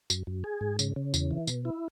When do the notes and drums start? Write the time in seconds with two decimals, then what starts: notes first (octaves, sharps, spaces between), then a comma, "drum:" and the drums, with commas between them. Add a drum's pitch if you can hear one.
0.10 F#2, drum: tambourine
0.27 F#2
0.44 G#4
0.61 G#2
0.79 C#3, drum: tambourine
0.96 C#3
1.14 E2, drum: tambourine
1.31 E3
1.47 B2, drum: tambourine
1.65 E4